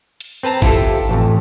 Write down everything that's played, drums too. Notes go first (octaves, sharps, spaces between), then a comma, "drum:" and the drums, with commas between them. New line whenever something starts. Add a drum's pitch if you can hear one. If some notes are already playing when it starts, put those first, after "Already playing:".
drum: hi-hat
C4 B4 A5 A#5
E4 F4 G4 A4, drum: kick G1
A1 F2